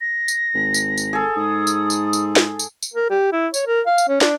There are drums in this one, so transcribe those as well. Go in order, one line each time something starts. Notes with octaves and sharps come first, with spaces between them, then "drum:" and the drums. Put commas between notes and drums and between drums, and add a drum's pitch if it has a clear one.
A#6
drum: tambourine
G#1
drum: tambourine
drum: tambourine
G#4 A4
G#2 D#6
drum: tambourine
drum: tambourine
drum: tambourine
drum: snare
drum: tambourine
drum: tambourine
A#4
G4
E4
C#5, drum: tambourine
A#4
F5
drum: tambourine
C#4
D4, drum: snare